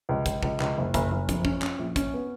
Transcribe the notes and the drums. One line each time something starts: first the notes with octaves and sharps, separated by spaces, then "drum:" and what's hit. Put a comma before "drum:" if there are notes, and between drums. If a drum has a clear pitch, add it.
C#2
C#2, drum: kick, hi-hat
C#2, drum: kick
C#2, drum: clap
F#1
F#1, drum: kick, hi-hat
F#1
F2, drum: kick, hi-hat
C#4, drum: kick
C#4, drum: clap
A#1
C#4, drum: kick, hi-hat
B3